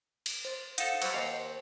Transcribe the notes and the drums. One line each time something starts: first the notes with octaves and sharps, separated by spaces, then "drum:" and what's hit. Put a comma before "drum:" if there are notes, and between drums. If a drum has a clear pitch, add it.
drum: cymbal
C5 A6
D#4 A4 F5 F#5 C#7, drum: hi-hat
F#3 G3 C5, drum: cymbal
D#2 D#5 F5
C5